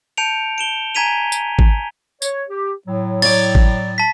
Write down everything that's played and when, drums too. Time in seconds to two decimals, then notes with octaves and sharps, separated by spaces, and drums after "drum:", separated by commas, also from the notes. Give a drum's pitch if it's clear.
0.17 A5 G6 C#7 D7 F7
0.58 D7 E7 G7
0.95 G#5 A#5 G#6 B6 D#7 F7
1.32 drum: tambourine
1.59 drum: kick G#1
2.22 C#5, drum: tambourine
2.49 G4
2.88 A2 F#3
3.22 C#5 D5 A6, drum: cymbal
3.55 drum: kick G#1
3.98 A5 B6